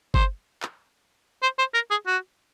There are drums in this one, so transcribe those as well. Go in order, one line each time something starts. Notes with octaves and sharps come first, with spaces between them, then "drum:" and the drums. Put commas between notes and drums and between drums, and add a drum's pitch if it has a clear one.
C5, drum: kick G1
drum: clap
C5
C5
A#4
G#4
F#4